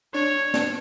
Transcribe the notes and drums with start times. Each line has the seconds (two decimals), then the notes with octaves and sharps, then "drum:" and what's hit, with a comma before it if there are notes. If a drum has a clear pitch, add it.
0.14 D4 C#5, drum: open hi-hat
0.54 D4, drum: snare